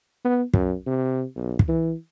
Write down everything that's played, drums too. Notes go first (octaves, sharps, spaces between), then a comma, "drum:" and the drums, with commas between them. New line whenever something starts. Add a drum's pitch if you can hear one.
B3
F#2, drum: kick
C3
B1
drum: kick
E3